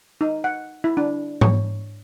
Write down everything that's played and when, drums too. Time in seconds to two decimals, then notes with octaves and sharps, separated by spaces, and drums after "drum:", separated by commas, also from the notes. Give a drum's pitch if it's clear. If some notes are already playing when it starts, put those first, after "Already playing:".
0.21 D#4
0.44 F#5
0.84 E4
0.97 D4
1.41 C#5, drum: tom G#2